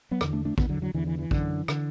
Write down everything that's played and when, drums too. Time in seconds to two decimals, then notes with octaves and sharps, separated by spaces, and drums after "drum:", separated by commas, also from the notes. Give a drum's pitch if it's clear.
0.11 F#3 B3
0.21 E2 D3, drum: rim click
0.33 A3 D4
0.45 A3 D4
0.58 E2 D3 F#3 B3, drum: kick
0.69 D3 F#3
0.82 D3 F#3
0.94 E2 D3 E3
1.07 E3
1.19 E3
1.31 F#2 D3, drum: kick
1.68 D3, drum: rim click